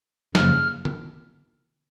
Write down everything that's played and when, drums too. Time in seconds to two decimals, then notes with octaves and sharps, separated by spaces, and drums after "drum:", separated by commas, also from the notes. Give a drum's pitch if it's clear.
0.35 F#2 C#3 F3 A#3 F6, drum: snare
0.85 drum: tom D3